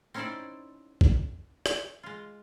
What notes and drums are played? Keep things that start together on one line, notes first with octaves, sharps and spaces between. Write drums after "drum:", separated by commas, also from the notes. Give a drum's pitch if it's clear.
C4 C#4 D#4 E4 C5 D5
drum: kick
drum: rim click
G#3 F4